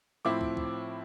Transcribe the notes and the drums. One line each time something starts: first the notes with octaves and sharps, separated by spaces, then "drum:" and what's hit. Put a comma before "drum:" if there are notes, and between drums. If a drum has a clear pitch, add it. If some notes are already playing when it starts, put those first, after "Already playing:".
A2 F3 C4 E4 D6
drum: kick
drum: kick